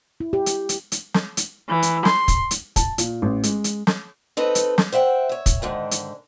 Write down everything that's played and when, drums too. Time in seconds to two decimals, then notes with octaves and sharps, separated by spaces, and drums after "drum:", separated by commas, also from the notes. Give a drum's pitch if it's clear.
0.20 E4
0.33 G4
0.46 drum: hi-hat
0.69 drum: hi-hat
0.92 drum: hi-hat
1.14 drum: snare
1.37 drum: hi-hat
1.68 E3
1.83 drum: hi-hat
2.05 C6, drum: snare
2.28 drum: kick, hi-hat
2.51 drum: hi-hat
2.76 A5, drum: kick, hi-hat
2.98 A#2, drum: hi-hat
3.22 A1
3.43 G#3, drum: hi-hat
3.64 drum: hi-hat
3.87 drum: snare
4.37 C4 D#4 A4 B4
4.55 drum: hi-hat
4.78 drum: snare
4.92 C5 E5 F#5 G5
5.29 C#5 E5
5.46 drum: kick, hi-hat
5.62 G#2 D3 D#3
5.91 drum: hi-hat